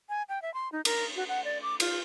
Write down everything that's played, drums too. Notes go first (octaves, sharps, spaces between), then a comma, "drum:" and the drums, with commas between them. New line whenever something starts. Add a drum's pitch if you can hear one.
G#5
G5
E5
C6
D#4
A#4, drum: cymbal
F#4
F#5
D5
D6
F4, drum: cymbal